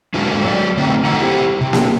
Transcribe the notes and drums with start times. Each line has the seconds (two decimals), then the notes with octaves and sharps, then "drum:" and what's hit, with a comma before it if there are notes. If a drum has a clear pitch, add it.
0.14 G#3 D4 F4 F#4 A4 A#4
0.43 F#3 D5
0.77 D3 A3 C4 D#4 F4
1.05 D#3 F#3 A3 A4 F#5 A#5
1.20 E4 G4 C5
1.61 C3
1.73 drum: snare A#3